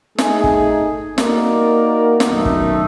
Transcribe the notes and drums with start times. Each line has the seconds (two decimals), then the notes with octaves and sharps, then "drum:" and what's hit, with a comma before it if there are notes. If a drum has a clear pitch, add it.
0.18 A3 D#4 G#4, drum: snare
0.44 drum: kick
1.18 A#3 D#4 F#4 A#4 D5, drum: snare
2.20 drum: snare
2.30 B1 F#2 D#3 A3 D#4
2.45 drum: kick